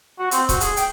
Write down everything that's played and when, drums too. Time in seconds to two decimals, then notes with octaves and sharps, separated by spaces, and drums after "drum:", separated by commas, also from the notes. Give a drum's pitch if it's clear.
0.19 F#4
0.31 C4, drum: hi-hat
0.49 F#4, drum: kick C#1, hi-hat
0.61 G#4, drum: hi-hat
0.77 G5, drum: hi-hat